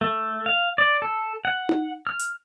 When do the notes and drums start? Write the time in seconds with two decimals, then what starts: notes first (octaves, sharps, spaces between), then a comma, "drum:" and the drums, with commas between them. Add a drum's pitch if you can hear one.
0.01 A3
0.46 F5
0.78 D5
1.02 A4
1.45 F#5
1.69 drum: tom D#4
2.07 F6
2.19 drum: hi-hat